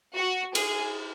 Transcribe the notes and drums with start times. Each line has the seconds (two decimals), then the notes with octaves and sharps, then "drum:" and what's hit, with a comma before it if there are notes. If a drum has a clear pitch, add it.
0.16 F#4
0.55 G#4, drum: cymbal